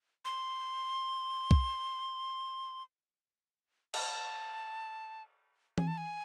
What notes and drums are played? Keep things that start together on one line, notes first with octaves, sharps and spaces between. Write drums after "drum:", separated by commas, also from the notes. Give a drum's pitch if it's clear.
C6
drum: kick
A5, drum: cymbal
G#5, drum: tom E3
A5
G#5